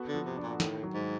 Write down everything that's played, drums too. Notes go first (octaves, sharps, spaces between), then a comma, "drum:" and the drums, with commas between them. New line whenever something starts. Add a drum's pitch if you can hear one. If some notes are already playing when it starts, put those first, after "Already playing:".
Already playing: B3 F#4 A4
D3
F3
C3
D4
A#2
A2 D#3, drum: snare
F#3
G#2